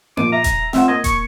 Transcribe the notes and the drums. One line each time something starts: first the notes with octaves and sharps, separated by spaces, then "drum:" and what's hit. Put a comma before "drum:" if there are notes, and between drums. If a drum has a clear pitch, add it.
A#2 F3 D6 D#7, drum: tom A#3
E5 A#5
drum: kick D#1, hi-hat
C4 F4 E5 F#5, drum: snare
A#3 D#5 G#6
C#6, drum: kick D#1, hi-hat